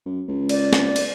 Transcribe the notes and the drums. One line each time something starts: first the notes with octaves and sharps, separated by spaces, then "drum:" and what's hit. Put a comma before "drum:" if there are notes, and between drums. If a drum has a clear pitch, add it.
F#2
C#2
D5, drum: cymbal
drum: snare
drum: cymbal